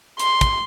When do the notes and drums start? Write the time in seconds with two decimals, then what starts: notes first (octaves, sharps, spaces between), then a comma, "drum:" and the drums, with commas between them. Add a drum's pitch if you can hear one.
0.19 C6, drum: hi-hat
0.41 drum: kick, hi-hat